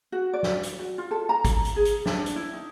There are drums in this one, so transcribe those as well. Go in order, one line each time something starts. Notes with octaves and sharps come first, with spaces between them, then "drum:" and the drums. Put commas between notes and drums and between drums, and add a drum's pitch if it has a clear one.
F#4
D5
drum: snare
drum: hi-hat
F#4
F4
A4
A#5
drum: kick G#1, hi-hat
drum: hi-hat
G#4
drum: hi-hat
D4, drum: snare
drum: hi-hat
E4
D#4